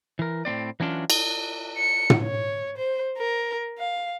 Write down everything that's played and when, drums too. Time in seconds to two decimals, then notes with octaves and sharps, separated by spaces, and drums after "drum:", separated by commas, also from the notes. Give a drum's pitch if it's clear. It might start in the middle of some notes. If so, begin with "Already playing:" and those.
0.19 E3 A#4
0.45 A2 B3 C4 D5
0.80 E3 F#3 C#4 D4 F4
1.10 drum: cymbal
1.78 C#7
2.10 drum: tom
2.22 C#5
2.78 C5
3.18 A#4
3.79 F5